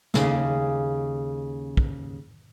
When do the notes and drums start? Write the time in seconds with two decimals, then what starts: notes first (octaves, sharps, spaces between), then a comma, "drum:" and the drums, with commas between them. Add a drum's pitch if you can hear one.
0.14 D#2 C#3, drum: snare
1.77 drum: kick